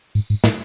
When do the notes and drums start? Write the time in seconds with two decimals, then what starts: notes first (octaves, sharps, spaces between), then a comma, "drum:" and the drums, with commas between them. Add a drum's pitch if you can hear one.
0.15 G#2, drum: tambourine
0.30 G#2, drum: tambourine
0.44 A2, drum: snare